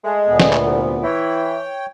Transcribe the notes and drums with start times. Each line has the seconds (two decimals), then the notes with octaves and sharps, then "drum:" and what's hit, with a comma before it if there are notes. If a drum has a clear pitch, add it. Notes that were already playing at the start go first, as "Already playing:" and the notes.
0.05 G#3 A3
0.28 D2 A#2 B3
0.40 drum: snare
0.53 drum: clap
0.67 C2
1.03 E3 E4 C#5 G5